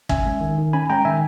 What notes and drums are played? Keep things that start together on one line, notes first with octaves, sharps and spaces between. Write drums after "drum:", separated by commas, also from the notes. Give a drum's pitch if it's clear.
C#4 E5 G#5, drum: kick
G#3
D#3
D#3
C#4 G#5 B5
G#3 G5 A#5
D#3 E5 G#5